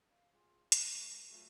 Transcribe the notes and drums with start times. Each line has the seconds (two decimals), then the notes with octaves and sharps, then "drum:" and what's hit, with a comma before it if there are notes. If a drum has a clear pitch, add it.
0.08 F5
0.33 F4 G#4
0.72 G#3 A#3, drum: hi-hat
1.30 F#3 A3 F4 G#4